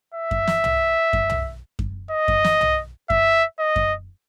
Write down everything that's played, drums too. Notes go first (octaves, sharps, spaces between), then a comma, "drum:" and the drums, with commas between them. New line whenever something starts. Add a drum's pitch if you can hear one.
E5
drum: kick F#2
drum: snare
drum: tom
drum: kick F#2
drum: tom
drum: kick F#2
D#5
drum: kick F#2
drum: snare
drum: tom
E5, drum: kick F#2
D#5
drum: kick F#2